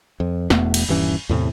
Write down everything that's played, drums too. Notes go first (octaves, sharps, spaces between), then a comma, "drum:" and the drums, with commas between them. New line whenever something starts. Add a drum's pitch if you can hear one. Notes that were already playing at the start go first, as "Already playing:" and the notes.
F2
E1 E2 A3 B3, drum: snare
drum: cymbal
D#1 G2 E3 C#4
E2 A2 C3 E3